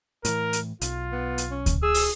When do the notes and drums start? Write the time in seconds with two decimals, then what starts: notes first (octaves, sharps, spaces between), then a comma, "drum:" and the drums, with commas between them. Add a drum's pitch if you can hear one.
0.25 A2 E3 A#4, drum: hi-hat
0.53 drum: hi-hat
0.81 B1 F4, drum: hi-hat
1.12 B3
1.38 drum: hi-hat
1.51 C#4
1.66 drum: kick D2, hi-hat
1.83 G#4 E6
1.94 drum: open hi-hat